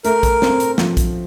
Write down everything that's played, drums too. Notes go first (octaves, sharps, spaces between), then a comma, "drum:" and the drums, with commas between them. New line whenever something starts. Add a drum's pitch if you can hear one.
A3 A#4, drum: hi-hat
drum: kick, hi-hat
C4, drum: snare
drum: hi-hat
F3, drum: snare
drum: kick, hi-hat